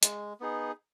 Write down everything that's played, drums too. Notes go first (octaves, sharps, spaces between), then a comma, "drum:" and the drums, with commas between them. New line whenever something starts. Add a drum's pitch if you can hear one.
G#3, drum: hi-hat
B3 D#4 G#4